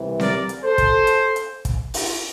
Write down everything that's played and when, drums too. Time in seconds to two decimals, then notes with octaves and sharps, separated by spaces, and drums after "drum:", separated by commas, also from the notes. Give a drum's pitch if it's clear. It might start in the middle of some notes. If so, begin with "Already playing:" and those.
Already playing: C2 C3 E3
0.20 A#4 D5, drum: snare C4
0.49 drum: hi-hat
0.64 A4 C5
0.78 drum: kick, hi-hat
1.07 drum: hi-hat
1.36 drum: hi-hat
1.65 drum: kick, hi-hat
1.94 drum: open hi-hat